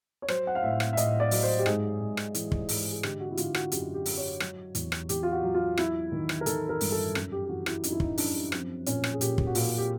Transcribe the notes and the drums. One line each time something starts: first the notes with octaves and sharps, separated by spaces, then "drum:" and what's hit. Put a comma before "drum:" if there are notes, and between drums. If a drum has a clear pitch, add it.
C#5
F#3 C5, drum: rim click
F#5
F5
A2 E5
drum: rim click
E5
A2 D#5, drum: hi-hat
D5
F#3, drum: open hi-hat
C5
G4
G#2 G#4, drum: rim click
G#2
drum: rim click
E3, drum: hi-hat
drum: kick
G#2, drum: open hi-hat
G#4
D3 G4, drum: rim click
F#4
E4
D3 F4, drum: hi-hat
F#4, drum: rim click
F#2 G4, drum: hi-hat
G4
F#3, drum: open hi-hat
C#5
F#3, drum: rim click
E2, drum: hi-hat
drum: rim click
E2 G4, drum: hi-hat
F4
F#4
F#3
F4
F#3 E4, drum: rim click
D#3
drum: rim click
A#4
D#3 A4, drum: hi-hat
A#4
G2, drum: open hi-hat
A4
F#2, drum: rim click
G4
G4
E3 F#4
E4, drum: rim click
F#2 D#4, drum: hi-hat
E4
D#4, drum: kick
F#2 D4, drum: open hi-hat
F3 C4, drum: rim click
A#2 C#4, drum: hi-hat
drum: rim click
G#4
A#2 G4, drum: hi-hat
drum: kick
F#4
A#2 F4, drum: open hi-hat
G4